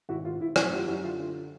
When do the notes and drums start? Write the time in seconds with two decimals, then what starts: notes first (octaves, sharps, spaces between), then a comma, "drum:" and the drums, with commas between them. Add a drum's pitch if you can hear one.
0.09 G#1 E4 F#4
0.25 G#1 F4
0.41 G#1 E4
0.56 F#2 E4 F#4, drum: rim click
0.72 F#3 F4 G4
0.87 F#2 E4 F#4
1.04 D3 F4
1.19 D3 F4